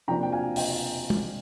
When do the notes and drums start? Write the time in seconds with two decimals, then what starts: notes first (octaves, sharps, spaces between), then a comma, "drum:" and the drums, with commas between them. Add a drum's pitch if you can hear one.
0.08 C3 F3 A#3 D4 G5 A#5
0.23 G5
0.32 F5 G#5
0.56 D#5 G5, drum: open hi-hat
1.10 drum: tom